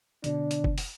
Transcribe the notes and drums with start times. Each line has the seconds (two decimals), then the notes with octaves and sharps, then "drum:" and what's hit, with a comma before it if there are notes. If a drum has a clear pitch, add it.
0.24 B2 D3 D4, drum: hi-hat
0.51 drum: hi-hat
0.64 drum: kick
0.78 drum: open hi-hat